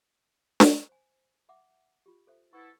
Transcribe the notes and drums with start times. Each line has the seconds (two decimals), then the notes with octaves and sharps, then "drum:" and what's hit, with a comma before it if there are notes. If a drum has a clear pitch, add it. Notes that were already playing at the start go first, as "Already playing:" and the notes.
0.60 drum: snare D4
0.89 C5 G#5
1.49 E5 F#5 D6
2.06 F4 G4
2.27 A4 C5 E5
2.53 B3 E4 A4 C#6